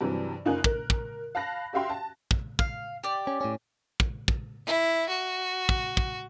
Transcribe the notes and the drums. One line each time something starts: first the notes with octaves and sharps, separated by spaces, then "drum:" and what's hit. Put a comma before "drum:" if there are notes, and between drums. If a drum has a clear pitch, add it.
G2 C3 E3 F#3
F#1 D#4 F4 A#4 G#5 F#6
A#4, drum: kick
drum: kick
F5 A5 B5 F#6 A#6
F#4 G4 E5 F5 G5 C6
A5
drum: kick
F5, drum: kick
G4 D5
C#4
A2 C#4
drum: kick
drum: kick
E4
F#4
drum: kick
drum: kick